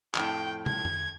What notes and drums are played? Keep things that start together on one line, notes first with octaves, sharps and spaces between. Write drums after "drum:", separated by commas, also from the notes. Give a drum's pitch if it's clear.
F2 A2 G5, drum: clap
G#6, drum: tom
drum: tom F2